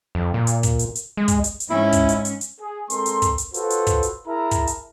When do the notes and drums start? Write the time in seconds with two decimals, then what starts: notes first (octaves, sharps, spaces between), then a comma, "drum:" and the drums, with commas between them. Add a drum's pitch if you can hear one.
0.15 F2
0.34 A#2
0.47 drum: hi-hat
0.63 drum: kick, hi-hat
0.79 drum: hi-hat
0.96 drum: hi-hat
1.17 G#3
1.28 drum: kick, hi-hat
1.44 drum: hi-hat
1.60 drum: hi-hat
1.70 G#2 C#4 E4
1.93 drum: kick, hi-hat
2.09 drum: hi-hat
2.25 drum: hi-hat
2.41 drum: hi-hat
2.61 G#4
2.90 G#3 C4 A4 A#4 C6, drum: hi-hat
3.06 drum: hi-hat
3.22 drum: kick, hi-hat
3.38 drum: hi-hat
3.54 F4 F#4 A4 B4 C5, drum: hi-hat
3.71 drum: hi-hat
3.87 drum: kick, hi-hat
4.03 drum: hi-hat
4.27 E4 G#4 A#4 E5 A5 A#5
4.51 drum: kick, hi-hat
4.68 drum: hi-hat